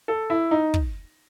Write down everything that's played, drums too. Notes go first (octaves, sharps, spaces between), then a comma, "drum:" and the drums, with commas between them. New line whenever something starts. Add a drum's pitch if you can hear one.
A4
E4
D#4
drum: kick